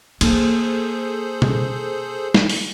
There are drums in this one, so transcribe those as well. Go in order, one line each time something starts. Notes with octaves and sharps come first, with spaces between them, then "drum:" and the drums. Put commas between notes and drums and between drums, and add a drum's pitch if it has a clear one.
A#3 G#4 A4 C5, drum: cymbal
drum: tom B2
drum: snare
drum: open hi-hat